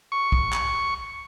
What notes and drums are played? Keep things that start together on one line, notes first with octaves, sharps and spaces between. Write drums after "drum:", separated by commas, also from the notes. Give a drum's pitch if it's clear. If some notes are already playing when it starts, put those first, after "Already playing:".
C#6
drum: kick
drum: clap